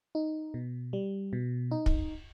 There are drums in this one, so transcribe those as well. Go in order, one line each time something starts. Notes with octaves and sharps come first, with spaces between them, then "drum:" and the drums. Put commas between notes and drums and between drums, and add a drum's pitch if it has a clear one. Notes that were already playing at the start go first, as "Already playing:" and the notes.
D#4
B2
G3
B2
D#4
drum: kick